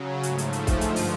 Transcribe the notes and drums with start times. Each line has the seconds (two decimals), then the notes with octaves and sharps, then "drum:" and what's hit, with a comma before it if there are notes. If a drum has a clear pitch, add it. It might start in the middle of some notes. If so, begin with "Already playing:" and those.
Already playing: C#3 F#3
0.23 G#2 F3 A3, drum: hi-hat
0.38 drum: hi-hat
0.53 drum: hi-hat
0.67 drum: kick, hi-hat
0.81 G2 D3 F3, drum: hi-hat
0.96 drum: open hi-hat